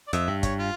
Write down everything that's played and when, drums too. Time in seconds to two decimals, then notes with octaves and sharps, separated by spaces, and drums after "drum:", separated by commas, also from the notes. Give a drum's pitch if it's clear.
0.07 D5
0.13 F2 E5, drum: hi-hat
0.28 G2
0.43 C#5, drum: kick, hi-hat
0.59 F4